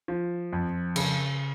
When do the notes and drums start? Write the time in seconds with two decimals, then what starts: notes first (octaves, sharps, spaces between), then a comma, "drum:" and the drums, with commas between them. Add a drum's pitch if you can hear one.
0.08 F3
0.53 F2
0.96 C#3, drum: cymbal